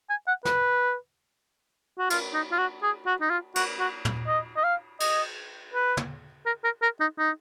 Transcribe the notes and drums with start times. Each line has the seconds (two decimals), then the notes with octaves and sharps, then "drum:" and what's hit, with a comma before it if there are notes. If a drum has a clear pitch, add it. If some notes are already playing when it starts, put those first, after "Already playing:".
0.10 G#5
0.27 F#5
0.45 B4, drum: snare
1.99 F#4
2.10 F4, drum: cymbal
2.33 D#4
2.52 F4
2.58 F#4
2.83 G#4
3.07 F#4
3.21 D#4
3.30 F4
3.56 F#4, drum: cymbal
3.79 F#4
4.05 drum: tom
4.27 D#5
4.56 D#5
4.64 F5
5.00 D#5, drum: cymbal
5.74 B4
5.97 drum: tom
6.46 A#4
6.64 A#4
6.82 A#4
7.00 D#4
7.19 D#4